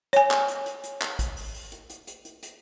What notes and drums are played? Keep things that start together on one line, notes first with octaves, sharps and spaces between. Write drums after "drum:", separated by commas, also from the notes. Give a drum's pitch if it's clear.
C#5 G#5, drum: hi-hat
drum: clap
drum: hi-hat
drum: hi-hat
drum: hi-hat
drum: clap
drum: kick, hi-hat
drum: open hi-hat
drum: open hi-hat
drum: hi-hat
drum: hi-hat
drum: hi-hat
drum: hi-hat
drum: hi-hat